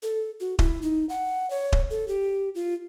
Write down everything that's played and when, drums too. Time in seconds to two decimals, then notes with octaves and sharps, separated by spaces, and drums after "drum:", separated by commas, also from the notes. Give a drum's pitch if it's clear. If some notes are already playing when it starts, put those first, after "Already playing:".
0.03 A4
0.40 F#4
0.59 E4, drum: kick D#1
0.82 D#4
1.09 F#5
1.50 C#5
1.72 drum: kick D#1
1.90 A4
2.08 G4
2.55 F4